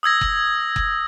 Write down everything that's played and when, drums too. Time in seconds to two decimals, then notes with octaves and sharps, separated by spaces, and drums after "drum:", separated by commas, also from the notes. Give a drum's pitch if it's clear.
0.03 D#6 E6 G#6 A#6
0.21 drum: kick F#1
0.76 drum: kick F#1